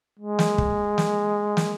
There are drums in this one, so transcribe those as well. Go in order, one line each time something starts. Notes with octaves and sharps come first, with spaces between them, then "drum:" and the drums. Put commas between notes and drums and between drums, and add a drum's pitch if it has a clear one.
G#3
drum: snare
drum: kick
drum: snare
drum: snare